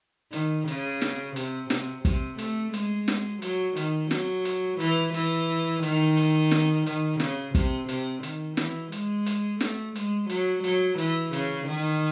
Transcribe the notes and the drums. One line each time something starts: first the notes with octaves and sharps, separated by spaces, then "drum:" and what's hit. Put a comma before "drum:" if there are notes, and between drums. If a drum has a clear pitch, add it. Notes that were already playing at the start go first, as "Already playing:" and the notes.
D#3, drum: hi-hat
C#3, drum: hi-hat
drum: snare
C3, drum: hi-hat
C3, drum: snare
C3, drum: kick, hi-hat
A3, drum: hi-hat
G#3, drum: hi-hat
drum: snare
F#3, drum: hi-hat
D#3, drum: hi-hat
F#3, drum: snare
drum: hi-hat
E3, drum: hi-hat
E3, drum: hi-hat
D#3, drum: hi-hat
drum: hi-hat
drum: snare
D#3, drum: hi-hat
C#3, drum: snare
C3, drum: kick, hi-hat
C3, drum: hi-hat
D#3, drum: hi-hat
E3, drum: snare
G#3, drum: hi-hat
drum: hi-hat
A3, drum: snare
G#3, drum: hi-hat
F#3, drum: hi-hat
F#3, drum: hi-hat
E3, drum: hi-hat
C#3, drum: hi-hat
D#3